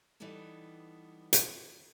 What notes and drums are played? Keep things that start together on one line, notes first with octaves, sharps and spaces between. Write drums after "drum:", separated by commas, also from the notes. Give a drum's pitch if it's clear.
E3 G3 B3 D#4 A4
drum: hi-hat